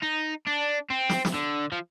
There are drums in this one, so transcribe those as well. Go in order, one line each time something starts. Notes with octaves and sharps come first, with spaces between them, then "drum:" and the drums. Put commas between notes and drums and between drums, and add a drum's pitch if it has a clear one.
D#4
D4
C4
drum: snare
drum: snare
D3
F3